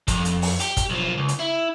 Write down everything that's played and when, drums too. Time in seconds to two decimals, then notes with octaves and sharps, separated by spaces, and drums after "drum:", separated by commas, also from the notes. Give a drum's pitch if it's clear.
0.08 F2, drum: kick, hi-hat
0.25 drum: hi-hat
0.42 drum: open hi-hat
0.60 G4, drum: hi-hat
0.77 drum: kick, hi-hat
0.90 B1 F3
1.18 C#2
1.28 drum: hi-hat
1.39 E4